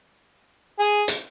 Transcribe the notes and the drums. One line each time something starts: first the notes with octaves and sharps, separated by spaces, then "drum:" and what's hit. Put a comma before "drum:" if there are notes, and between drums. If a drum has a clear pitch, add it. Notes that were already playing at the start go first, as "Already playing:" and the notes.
G#4
drum: hi-hat